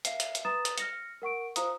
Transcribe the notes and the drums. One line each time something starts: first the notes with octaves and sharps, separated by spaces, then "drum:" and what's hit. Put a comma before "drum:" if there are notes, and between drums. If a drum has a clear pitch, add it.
E5 F5 C7, drum: hi-hat
drum: hi-hat
drum: hi-hat
B4 A#5 D#6 A6 E7
drum: hi-hat
F6 A#6 C#7, drum: hi-hat
A#4 F#5 C#6 D7
F4 C5 F5 A#5 D#6, drum: hi-hat